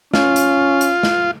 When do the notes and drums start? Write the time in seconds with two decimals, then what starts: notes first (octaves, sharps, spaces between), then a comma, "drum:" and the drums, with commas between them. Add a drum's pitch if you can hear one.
0.14 C#4 F4, drum: snare
0.36 drum: hi-hat
0.81 drum: hi-hat
1.03 drum: snare